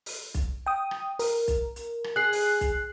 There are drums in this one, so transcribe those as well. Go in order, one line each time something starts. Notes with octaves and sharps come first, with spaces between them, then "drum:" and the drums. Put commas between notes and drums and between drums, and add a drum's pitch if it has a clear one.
drum: open hi-hat
drum: kick B1, hi-hat
G5 D#6
drum: rim click
A#4, drum: open hi-hat
drum: kick B1, hi-hat
drum: hi-hat
drum: rim click
G#4 F#6 C7
drum: open hi-hat
drum: kick B1, hi-hat